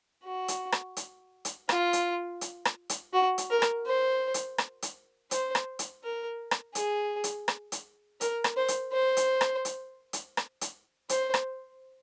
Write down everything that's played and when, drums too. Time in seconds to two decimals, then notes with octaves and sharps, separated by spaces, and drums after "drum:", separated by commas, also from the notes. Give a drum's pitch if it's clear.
0.24 F#4
0.48 drum: hi-hat
0.72 drum: rim click
0.97 drum: hi-hat
1.45 drum: hi-hat
1.69 F4, drum: rim click
1.93 drum: hi-hat
2.41 drum: hi-hat
2.65 drum: rim click
2.89 drum: hi-hat
3.13 F#4
3.38 drum: hi-hat
3.50 A#4
3.62 drum: rim click
3.86 C5
4.34 drum: hi-hat
4.58 drum: rim click
4.82 drum: hi-hat
5.31 C5, drum: hi-hat
5.55 drum: rim click
5.79 drum: hi-hat
6.04 A#4
6.51 drum: rim click
6.75 G#4, drum: hi-hat
7.24 drum: hi-hat
7.48 drum: rim click
7.72 drum: hi-hat
8.21 A#4, drum: hi-hat
8.44 drum: rim click
8.56 C5
8.68 drum: hi-hat
8.92 C5
9.17 drum: hi-hat
9.41 drum: rim click
9.65 drum: hi-hat
10.13 drum: hi-hat
10.37 drum: rim click
10.61 drum: hi-hat
11.09 C5, drum: hi-hat
11.34 drum: rim click